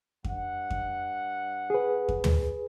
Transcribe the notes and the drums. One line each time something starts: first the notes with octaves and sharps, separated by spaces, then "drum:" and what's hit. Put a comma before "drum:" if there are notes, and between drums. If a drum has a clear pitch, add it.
G2 F#5, drum: kick F2
drum: kick F2
G#4 B4
drum: kick F2
drum: tom